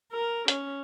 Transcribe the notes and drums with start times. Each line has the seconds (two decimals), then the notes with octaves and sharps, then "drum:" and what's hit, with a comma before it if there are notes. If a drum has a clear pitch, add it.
0.12 A#4
0.48 C#4, drum: hi-hat